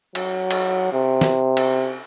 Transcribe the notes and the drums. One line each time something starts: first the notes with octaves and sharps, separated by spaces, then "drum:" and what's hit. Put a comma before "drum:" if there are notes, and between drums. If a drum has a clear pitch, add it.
F#3, drum: cymbal
drum: cymbal
C3
drum: snare
drum: cymbal